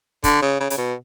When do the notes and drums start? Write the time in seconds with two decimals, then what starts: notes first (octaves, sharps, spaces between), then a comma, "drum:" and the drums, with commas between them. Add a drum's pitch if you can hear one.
0.24 D3, drum: kick, hi-hat
0.42 C#3
0.60 C#3
0.70 C#3, drum: hi-hat
0.78 B2